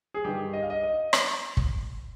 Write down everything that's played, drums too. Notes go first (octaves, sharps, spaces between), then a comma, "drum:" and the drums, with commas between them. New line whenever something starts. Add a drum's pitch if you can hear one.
G#4
G2 D#3 G4
D#5
F5
D#5
D#5
drum: rim click
drum: kick